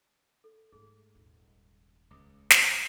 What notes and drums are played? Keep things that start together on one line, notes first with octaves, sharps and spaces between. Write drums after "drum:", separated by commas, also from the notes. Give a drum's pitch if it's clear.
A4
G#2 A3 G#4
D#1 G#1
C#2 D6 D#6
drum: snare